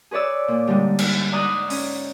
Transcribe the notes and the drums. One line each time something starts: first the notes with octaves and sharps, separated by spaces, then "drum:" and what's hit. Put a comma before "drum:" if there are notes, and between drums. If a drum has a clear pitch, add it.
G#4 B4 C#5 D5 E6
A#2
G#2 D3 G3
drum: cymbal
D5 A#5 D#6 F#6
C#4, drum: open hi-hat